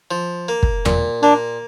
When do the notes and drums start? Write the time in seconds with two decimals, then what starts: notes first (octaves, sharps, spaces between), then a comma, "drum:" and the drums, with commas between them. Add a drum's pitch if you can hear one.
0.11 F3
0.48 A#3
0.63 drum: kick
0.85 A#2, drum: tom E2
1.22 A#3 D4